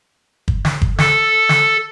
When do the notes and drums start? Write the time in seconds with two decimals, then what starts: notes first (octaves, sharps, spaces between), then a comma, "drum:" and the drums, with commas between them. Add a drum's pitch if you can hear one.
0.48 drum: kick
0.65 drum: snare
0.82 drum: kick
0.98 A4, drum: snare
1.49 drum: snare